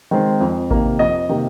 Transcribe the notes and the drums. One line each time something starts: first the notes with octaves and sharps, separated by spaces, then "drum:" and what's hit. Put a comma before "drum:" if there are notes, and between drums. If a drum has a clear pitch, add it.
D#3 G#3 C4
F2
C3 D#3 A#3, drum: kick A1
F2 D#5
C3 D#3 A#3